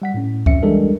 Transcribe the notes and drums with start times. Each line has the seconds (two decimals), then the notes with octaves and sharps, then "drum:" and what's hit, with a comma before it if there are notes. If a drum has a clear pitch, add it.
0.02 G3 F#5 B6
0.14 A2 C#4
0.46 A#1 F2 C#4 E5 C#7, drum: kick C#2
0.62 E3 G3 G#3 D4 A4 A#4